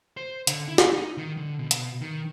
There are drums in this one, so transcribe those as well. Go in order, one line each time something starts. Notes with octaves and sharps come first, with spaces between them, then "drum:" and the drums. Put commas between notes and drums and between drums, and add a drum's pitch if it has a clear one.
C5
D3, drum: hi-hat
E4
drum: snare
D#4
D#3
D3
B2
drum: hi-hat
D#3